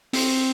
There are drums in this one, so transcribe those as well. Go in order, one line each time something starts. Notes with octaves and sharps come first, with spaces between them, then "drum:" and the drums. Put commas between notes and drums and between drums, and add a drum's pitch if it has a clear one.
C4, drum: open hi-hat